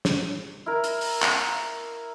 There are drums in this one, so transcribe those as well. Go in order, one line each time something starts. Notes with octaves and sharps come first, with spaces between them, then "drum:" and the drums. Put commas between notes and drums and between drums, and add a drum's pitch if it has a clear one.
drum: snare
E4 A#4
drum: hi-hat
drum: open hi-hat
drum: clap